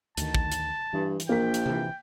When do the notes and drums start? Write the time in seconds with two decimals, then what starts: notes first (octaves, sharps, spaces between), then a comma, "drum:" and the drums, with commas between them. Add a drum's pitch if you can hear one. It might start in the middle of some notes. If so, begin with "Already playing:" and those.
0.17 D2 D#3 A5, drum: hi-hat
0.35 drum: kick
0.52 drum: hi-hat
0.93 G2 E3
1.20 drum: hi-hat
1.29 A#1 A#3 G5 B6
1.54 drum: hi-hat
1.66 C3 E3